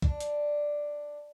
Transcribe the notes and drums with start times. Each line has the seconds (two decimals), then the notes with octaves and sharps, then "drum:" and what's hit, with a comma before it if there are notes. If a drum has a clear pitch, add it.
0.02 D4, drum: kick B1
0.20 drum: hi-hat